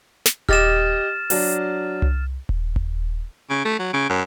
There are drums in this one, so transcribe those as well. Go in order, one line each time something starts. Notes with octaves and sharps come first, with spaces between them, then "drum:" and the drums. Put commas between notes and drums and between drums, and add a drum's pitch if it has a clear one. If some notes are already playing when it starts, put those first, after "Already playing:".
drum: snare
G4 D#5 D6 F6 A6 E7, drum: kick D#1
F#3 D4, drum: open hi-hat
drum: tom C2
drum: kick D#1
drum: kick D#1
C#3
A3
F#3
C#3
F#2